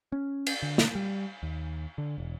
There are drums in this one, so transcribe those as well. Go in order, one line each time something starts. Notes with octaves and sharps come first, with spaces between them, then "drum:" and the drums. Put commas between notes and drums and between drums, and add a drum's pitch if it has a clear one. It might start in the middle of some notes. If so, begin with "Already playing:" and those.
C#4
drum: cymbal
D3
drum: snare
G3
D#2
D3
E1